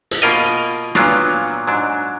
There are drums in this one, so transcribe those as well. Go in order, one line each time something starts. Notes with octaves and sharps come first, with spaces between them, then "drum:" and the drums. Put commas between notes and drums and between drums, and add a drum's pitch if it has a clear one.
drum: hi-hat
B2 A#3 F4 A#4 D#5
A#2 F#3 B3 D4 F4, drum: rim click
G#2 F#3 D4